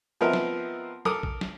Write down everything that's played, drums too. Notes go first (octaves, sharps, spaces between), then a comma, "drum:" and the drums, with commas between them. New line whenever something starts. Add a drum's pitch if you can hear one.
F3 B3 C4 A#4 D#5 E5
drum: snare
A4 A#4 D6 D#6, drum: snare
drum: kick
drum: snare